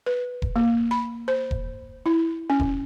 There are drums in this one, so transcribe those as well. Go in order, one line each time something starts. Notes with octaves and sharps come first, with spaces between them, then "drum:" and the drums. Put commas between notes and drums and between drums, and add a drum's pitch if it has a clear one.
B4
drum: kick E1
A#3
B5
C5
drum: kick E1
E4
C#4
drum: kick E1